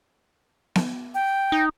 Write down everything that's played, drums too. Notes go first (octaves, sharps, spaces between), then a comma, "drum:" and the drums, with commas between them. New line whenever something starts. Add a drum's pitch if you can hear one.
drum: snare B3
G5
D#4